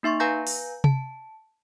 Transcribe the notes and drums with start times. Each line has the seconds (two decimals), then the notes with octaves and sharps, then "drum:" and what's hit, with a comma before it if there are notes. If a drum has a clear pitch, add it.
0.03 A#3 D#4 E5 C6 C#6
0.20 B4 F5 G#5 A#5 G6 A#6
0.47 drum: open hi-hat
0.84 A5, drum: tom C3